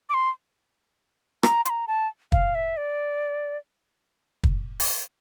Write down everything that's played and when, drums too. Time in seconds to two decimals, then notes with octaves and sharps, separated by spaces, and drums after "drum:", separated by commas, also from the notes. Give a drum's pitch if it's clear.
0.09 D6
0.14 C6
1.43 A#5, drum: rim click
1.65 C6, drum: hi-hat
1.70 A#5
1.88 A5
2.32 F5, drum: kick
2.55 E5
2.77 D5
4.44 drum: kick
4.80 drum: open hi-hat